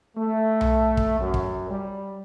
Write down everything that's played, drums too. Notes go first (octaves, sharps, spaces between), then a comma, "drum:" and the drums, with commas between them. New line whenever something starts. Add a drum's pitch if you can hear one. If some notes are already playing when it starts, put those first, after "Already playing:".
A3
drum: tom B1
drum: kick
F#2
drum: kick
G3